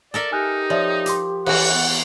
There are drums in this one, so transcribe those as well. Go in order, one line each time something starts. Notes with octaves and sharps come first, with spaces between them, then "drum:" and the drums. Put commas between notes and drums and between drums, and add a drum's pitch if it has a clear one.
A4 A#4 D5 E5
D#4 G4 G#5 F6 F#6
F3 C#5 D5 E5
C6 D6, drum: hi-hat
E3 F#4 F#5, drum: cymbal
B3